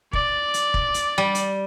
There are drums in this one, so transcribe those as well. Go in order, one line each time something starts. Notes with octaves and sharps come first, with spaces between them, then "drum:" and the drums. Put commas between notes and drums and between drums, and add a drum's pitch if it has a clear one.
D5, drum: kick
drum: hi-hat
drum: kick
drum: hi-hat
G3
drum: hi-hat